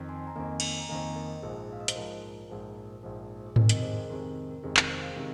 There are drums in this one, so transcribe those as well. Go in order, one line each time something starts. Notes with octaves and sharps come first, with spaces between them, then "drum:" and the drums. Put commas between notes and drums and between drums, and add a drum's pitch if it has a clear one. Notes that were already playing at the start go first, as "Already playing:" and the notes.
Already playing: F2 D#3
G#5 C6
A#5
F2 D#3 A#3 D#5 G#5
drum: cymbal
A#5
F2 D#3 A#3 D#5 G#5
A#4 D#5
A#1 G#2 F3 G#4 C5
F5
D#5
C5, drum: hi-hat
A#1 G#2 F3 A#4
A#1 G#2 F3
A#1 G#2 F3
G#4
F2 C3 D#3 G#3 A#4, drum: tom G#2
A#4 D#5, drum: hi-hat
G#4 C5
A#4
F2 C3 D#3 G#3 A#4
A#4
F2 C3 D#3 G#3 G#4
A#4, drum: clap
G#4 C5
C5 F5
C3 D#3 G#3 A#4